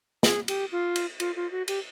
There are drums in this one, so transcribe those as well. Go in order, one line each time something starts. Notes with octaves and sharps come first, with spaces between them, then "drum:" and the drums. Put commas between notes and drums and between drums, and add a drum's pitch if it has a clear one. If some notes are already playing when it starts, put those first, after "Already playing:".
G#4, drum: snare
G4, drum: cymbal
F4
drum: cymbal
F4, drum: cymbal
F4
F#4
G4, drum: cymbal